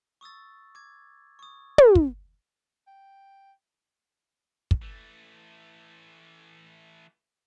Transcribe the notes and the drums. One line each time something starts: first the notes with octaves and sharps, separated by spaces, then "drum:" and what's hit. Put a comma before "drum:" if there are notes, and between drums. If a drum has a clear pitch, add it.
C#6 D#6 E6 A6
D6 G#6
C#6 D#6
drum: tom
drum: kick
G5
drum: kick
E3 A3